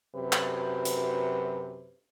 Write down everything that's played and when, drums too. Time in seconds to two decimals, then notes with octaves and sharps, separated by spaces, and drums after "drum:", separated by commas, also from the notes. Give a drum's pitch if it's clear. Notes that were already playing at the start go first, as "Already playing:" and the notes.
0.15 F#2 C3 F#3 B4
0.32 drum: clap
0.85 drum: hi-hat